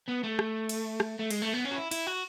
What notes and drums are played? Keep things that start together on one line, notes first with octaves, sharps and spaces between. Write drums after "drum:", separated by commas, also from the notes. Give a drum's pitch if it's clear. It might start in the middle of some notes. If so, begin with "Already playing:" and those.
B3
A3
drum: rim click
drum: cymbal
drum: rim click
A3
G#3, drum: cymbal
A3
B3
C#4
F#4
E4
E4, drum: cymbal
F#4